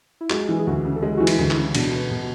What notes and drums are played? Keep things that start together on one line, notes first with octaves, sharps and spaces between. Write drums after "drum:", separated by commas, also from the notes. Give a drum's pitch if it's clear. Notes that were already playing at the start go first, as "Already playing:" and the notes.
E4
G#3 F#4, drum: clap
E3
G#4
D2 F#4
C#3
A4
G#3 G#4
E3 F#4
E4, drum: cymbal
D2
E4, drum: clap
C#3
B2 D4, drum: cymbal
B3
B2